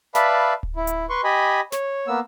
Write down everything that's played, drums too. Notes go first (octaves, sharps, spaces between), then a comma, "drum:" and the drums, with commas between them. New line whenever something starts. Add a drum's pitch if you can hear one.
B4 D5 E5 F5 A5 B5, drum: snare
drum: kick D1
E4
drum: hi-hat
B4 C6 C#6
G4 D#5 G#5 B5
C#5, drum: snare
A#3 B3 E6